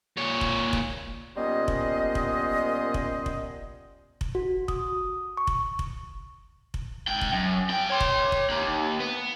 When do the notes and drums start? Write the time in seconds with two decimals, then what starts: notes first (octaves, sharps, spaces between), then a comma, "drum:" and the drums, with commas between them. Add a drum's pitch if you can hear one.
0.17 A#2 C#5
0.41 drum: kick F1
0.73 drum: kick F1
1.37 A#2 G3 B3 C#4 C5 D#5
1.68 drum: kick F1
2.15 drum: kick F1
2.94 drum: kick F1
3.26 drum: kick F1
4.21 drum: kick F1
4.35 F#4
4.68 D#6, drum: kick F1
5.37 C#6
5.47 drum: kick F1
5.79 drum: kick F1
6.74 drum: kick F1
7.08 G#2 G5
7.21 drum: kick F1
7.32 F#2
7.70 G2 G5
7.90 C#5 C6
8.00 drum: kick F1
8.32 drum: kick F1
8.50 A#3 D#4
9.00 B3